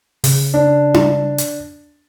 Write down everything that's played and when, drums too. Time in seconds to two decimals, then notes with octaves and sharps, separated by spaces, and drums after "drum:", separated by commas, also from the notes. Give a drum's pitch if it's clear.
0.24 C#3, drum: open hi-hat
0.54 D4
0.94 drum: tom D4
1.38 drum: hi-hat